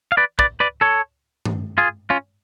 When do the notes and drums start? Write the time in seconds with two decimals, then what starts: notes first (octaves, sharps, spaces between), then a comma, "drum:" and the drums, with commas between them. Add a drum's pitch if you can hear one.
0.12 F5
0.17 B4 D5
0.39 B4 D5, drum: kick
0.60 B4 D5
0.81 A4 C#5
1.45 drum: tom
1.78 F4 G#4
2.10 C#4 F4